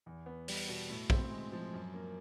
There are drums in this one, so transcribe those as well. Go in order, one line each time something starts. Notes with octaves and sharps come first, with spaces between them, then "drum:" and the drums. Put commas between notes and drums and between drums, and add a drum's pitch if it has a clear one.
E2
B3
G3, drum: open hi-hat
B2
A2
C4, drum: kick
G#3
F3
F#2
A#3